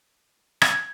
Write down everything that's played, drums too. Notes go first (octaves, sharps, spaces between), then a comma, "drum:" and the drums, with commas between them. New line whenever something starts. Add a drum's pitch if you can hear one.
G#6, drum: rim click